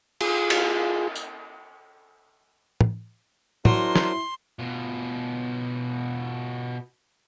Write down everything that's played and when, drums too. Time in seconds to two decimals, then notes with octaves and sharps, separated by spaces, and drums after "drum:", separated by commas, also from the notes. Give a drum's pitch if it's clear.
0.21 F4 G#4, drum: cymbal
0.50 drum: cymbal
1.15 drum: tambourine
2.81 drum: tom
3.65 F#3 D4 E4 A#4 C5 C6, drum: tom
3.95 drum: snare
4.59 B2 F4